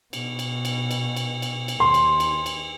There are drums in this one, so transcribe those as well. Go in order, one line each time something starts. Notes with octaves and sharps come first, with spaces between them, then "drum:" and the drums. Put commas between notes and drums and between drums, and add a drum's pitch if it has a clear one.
B2, drum: cymbal
drum: cymbal
drum: cymbal
drum: cymbal
drum: cymbal
drum: cymbal
drum: cymbal
D#2 C6
drum: cymbal
drum: cymbal
drum: cymbal